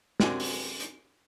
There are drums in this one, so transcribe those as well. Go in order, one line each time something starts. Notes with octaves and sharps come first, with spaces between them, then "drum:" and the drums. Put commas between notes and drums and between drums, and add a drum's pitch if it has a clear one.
F#2 C3 C4 D4 F#4 G#5, drum: snare
drum: open hi-hat
drum: hi-hat